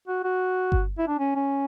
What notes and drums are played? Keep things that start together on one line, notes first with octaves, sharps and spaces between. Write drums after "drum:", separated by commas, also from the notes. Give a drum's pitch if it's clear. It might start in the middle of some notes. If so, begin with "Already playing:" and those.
F#4
F#4
drum: kick G1
E4
D4
C#4
C#4